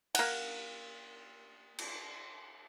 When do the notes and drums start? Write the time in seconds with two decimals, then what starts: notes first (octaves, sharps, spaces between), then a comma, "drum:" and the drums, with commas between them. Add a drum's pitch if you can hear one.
0.15 A#3 F#5, drum: cymbal
1.78 drum: cymbal